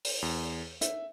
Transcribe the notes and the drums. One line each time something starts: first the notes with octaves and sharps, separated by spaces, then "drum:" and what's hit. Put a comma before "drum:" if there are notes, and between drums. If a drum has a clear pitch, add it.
drum: open hi-hat
E2
E5, drum: hi-hat